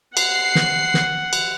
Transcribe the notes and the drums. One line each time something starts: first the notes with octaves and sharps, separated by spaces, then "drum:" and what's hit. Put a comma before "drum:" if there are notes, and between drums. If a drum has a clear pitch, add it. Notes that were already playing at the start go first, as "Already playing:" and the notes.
F#5 C7, drum: cymbal
drum: snare
drum: snare
drum: cymbal